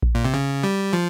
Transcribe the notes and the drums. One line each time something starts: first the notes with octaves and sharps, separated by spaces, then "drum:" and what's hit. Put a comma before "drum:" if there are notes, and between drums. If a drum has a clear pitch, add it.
drum: kick A#1
A#2
C3
C#3
G3
F3